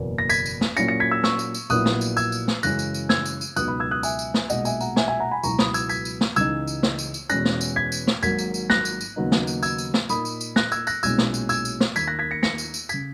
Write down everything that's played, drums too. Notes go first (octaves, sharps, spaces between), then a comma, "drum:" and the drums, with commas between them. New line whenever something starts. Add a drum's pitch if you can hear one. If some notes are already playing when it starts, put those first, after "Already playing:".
Already playing: F#1 E2 B2 A#3
A#6
G#6 B6, drum: tambourine
drum: tambourine
drum: snare
A#2 F#3 C#4 E4 A#6 C#7, drum: tambourine
A#6 C#7
G#6 B6
E6 G#6
C#6 E6, drum: snare
drum: tambourine
drum: tambourine
A#1 A#2 F#3 B3 E4 D#6 F#6, drum: tambourine
drum: snare
drum: tambourine
E6 G#6, drum: tambourine
drum: tambourine
drum: snare
F#2 C#3 E3 G#3 C#4 F#6 A#6, drum: tambourine
drum: tambourine
drum: tambourine
E6 G#6, drum: snare
drum: tambourine
drum: tambourine
C#2 B2 F#3 B3 D#4 D#6 F#6, drum: tambourine
B5 D#6
E6 G#6
D#6 F#6
E5 G#5, drum: tambourine
drum: tambourine
drum: snare
B1 A#2 G#3 D#5 F#5, drum: tambourine
E5 G#5, drum: tambourine
F#5 A#5, drum: tambourine
E5 G#5, drum: snare
E5 G#5
F#5 A#5
G#5 B5
C#2 B2 F#3 B3 E4 A#5 C#6, drum: tambourine
B5 D#6, drum: snare
E6 G#6, drum: tambourine
G#6 B6, drum: tambourine
drum: tambourine
drum: snare
C#2 C#3 E3 G#3 D#4 E6 G#6, drum: tambourine
drum: tambourine
drum: snare
drum: tambourine
drum: tambourine
E2 B2 G#3 C#4 F#6 A#6, drum: tambourine
drum: snare
drum: tambourine
G#6 B6
drum: tambourine
drum: snare
G#1 G#2 F#3 A#3 G#6 B6, drum: tambourine
drum: tambourine
drum: tambourine
F#6 A#6, drum: snare
drum: tambourine
drum: tambourine
D#2 C#3 F#3 B3 D#4
drum: snare
drum: tambourine
E6 G#6, drum: tambourine
drum: tambourine
drum: snare
A#2 A#3 D#4 B5 D#6, drum: tambourine
drum: tambourine
drum: tambourine
F#6 A#6, drum: snare
E6 G#6, drum: tambourine
F#6 A#6, drum: tambourine
B1 A#2 G#3 C#4 E4 E6 G#6, drum: tambourine
drum: snare
drum: tambourine
E6 G#6, drum: tambourine
drum: tambourine
drum: snare
D#2 D#3 A#3 G#6 B6, drum: tambourine
F#6 A#6
G#6 B6
A#6 C#7
A#6 C#7, drum: snare
drum: tambourine
drum: tambourine
C#3 G#6 B6, drum: tambourine